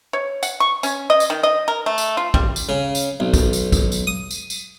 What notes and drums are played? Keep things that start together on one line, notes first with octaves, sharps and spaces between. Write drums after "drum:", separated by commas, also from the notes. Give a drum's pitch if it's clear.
C#5
F#5, drum: tambourine
C#6
C#4, drum: tambourine
D#5
drum: tambourine
D#3
D#5
A#4
A3
drum: tambourine
F4
G3, drum: kick
drum: tambourine
C#3
drum: tambourine
B1
drum: kick, tambourine
drum: tambourine
drum: kick, tambourine
drum: tambourine
D#6
drum: tambourine
drum: tambourine